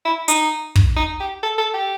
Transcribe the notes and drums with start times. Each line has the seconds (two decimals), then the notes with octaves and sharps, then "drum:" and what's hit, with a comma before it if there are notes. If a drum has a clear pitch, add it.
0.05 E4
0.28 D#4, drum: hi-hat
0.75 drum: kick
0.96 D#4
1.20 G4
1.43 A4
1.58 A4
1.74 G4